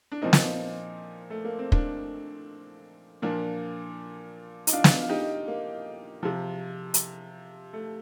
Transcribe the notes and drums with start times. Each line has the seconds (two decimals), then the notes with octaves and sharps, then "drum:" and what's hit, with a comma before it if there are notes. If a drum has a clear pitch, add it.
0.12 D4
0.22 A#2 F3 C4 D#4
0.33 drum: snare
1.30 A3
1.45 A#3
1.59 C4
1.72 A#3 D4, drum: kick
3.22 A#2 F3 A#3 D4
4.67 D#4, drum: hi-hat
4.73 D4 F4
4.84 drum: snare
5.01 F4
5.09 D#4 G4
5.48 A#3
6.23 C3 F3
6.94 drum: hi-hat
7.73 A3